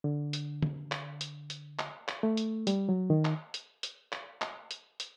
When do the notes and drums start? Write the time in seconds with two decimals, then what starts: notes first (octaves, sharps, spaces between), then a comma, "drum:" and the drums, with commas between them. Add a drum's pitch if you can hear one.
0.04 D3
0.33 drum: hi-hat
0.62 drum: tom
0.92 drum: clap
1.21 drum: hi-hat
1.50 drum: hi-hat
1.79 drum: clap
2.08 drum: clap
2.23 A3
2.37 drum: hi-hat
2.67 G3, drum: hi-hat
2.89 F#3
3.10 D#3
3.25 drum: clap
3.54 drum: hi-hat
3.83 drum: hi-hat
4.12 drum: clap
4.41 drum: clap
4.71 drum: hi-hat
5.00 drum: hi-hat